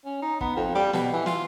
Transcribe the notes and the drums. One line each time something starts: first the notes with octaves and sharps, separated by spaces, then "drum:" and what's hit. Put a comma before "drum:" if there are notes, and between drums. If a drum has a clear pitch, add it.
C#4
D#4
B3, drum: kick
F2
G3
B2, drum: snare
E3
F4, drum: snare